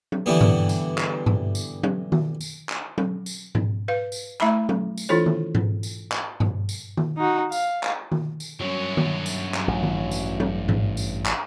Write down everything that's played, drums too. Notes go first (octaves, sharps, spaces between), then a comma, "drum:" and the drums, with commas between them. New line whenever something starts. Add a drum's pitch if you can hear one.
drum: tom F#3
D3 E3 G3 B3
drum: tom G2
drum: tambourine
drum: clap
drum: tom G2
drum: tambourine
drum: tom F#3
drum: tom D#3
drum: tambourine
drum: clap
drum: tom F#3
drum: tambourine
drum: tom G#2
B4 F5
drum: tambourine
A3 E4 E5 A#5 B5, drum: clap
drum: tom F#3
drum: tambourine
E3 D4 E4 F4 A4 C#5
drum: tom D#3
drum: tom G#2
drum: tambourine
drum: clap
drum: tom G2
drum: tambourine
drum: tom D#3
D#4 F#4
F5, drum: tambourine
drum: clap
drum: tom D#3
drum: tambourine
G2 F#3 C#4 C#5
drum: tom D#3
drum: tambourine
drum: clap
A1
drum: tom D#3
drum: tambourine
drum: tom F#3
drum: tom G#2
drum: tambourine
drum: clap